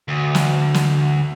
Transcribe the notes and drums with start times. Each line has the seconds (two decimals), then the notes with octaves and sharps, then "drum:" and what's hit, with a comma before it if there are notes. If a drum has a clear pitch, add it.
0.08 D2
0.35 drum: snare
0.74 drum: snare